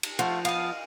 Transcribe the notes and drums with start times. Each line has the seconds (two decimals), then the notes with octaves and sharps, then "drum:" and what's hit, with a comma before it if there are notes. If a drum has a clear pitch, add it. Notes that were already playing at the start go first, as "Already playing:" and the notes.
0.03 drum: cymbal
0.19 F3 A3 F4 F#4
0.45 B3 D#5 F5, drum: cymbal